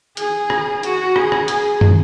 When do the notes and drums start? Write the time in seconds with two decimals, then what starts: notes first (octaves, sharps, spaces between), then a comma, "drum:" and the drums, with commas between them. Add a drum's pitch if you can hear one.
0.17 G#4, drum: hi-hat
0.50 drum: rim click
0.83 F#4, drum: hi-hat
1.16 G#4, drum: rim click
1.32 drum: rim click
1.48 G#4, drum: hi-hat
1.81 drum: tom